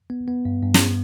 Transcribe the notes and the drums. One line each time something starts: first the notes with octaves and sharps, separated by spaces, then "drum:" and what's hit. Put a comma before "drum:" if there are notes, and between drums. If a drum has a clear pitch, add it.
B3
B3
G2
G2
drum: snare